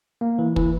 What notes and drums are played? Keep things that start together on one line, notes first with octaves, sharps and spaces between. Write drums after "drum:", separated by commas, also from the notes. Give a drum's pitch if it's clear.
A#3
E3
E3, drum: kick